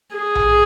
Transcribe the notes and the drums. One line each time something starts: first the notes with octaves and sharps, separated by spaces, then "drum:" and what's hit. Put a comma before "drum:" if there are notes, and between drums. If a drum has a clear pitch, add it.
G#4
drum: tom A#1